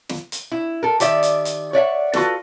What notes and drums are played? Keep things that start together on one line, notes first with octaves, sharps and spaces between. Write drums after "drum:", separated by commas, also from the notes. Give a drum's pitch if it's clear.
drum: snare
drum: hi-hat
E4
A4 A#4
D#3 G4 C5 D5 E5, drum: hi-hat
drum: hi-hat
drum: hi-hat
C#5 D5 E5 F#5
F4 F#4 A4 B4, drum: snare